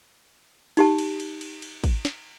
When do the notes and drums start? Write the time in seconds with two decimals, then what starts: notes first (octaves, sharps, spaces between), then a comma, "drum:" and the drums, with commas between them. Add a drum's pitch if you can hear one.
0.77 D#4 G4 A5, drum: cymbal
0.98 drum: cymbal
1.20 drum: cymbal
1.41 drum: cymbal
1.62 drum: cymbal
1.84 drum: kick, cymbal
2.05 drum: snare